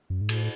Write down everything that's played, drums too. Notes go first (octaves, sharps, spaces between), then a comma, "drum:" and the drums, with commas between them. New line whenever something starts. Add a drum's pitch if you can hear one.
F#2
G#2
A2, drum: cymbal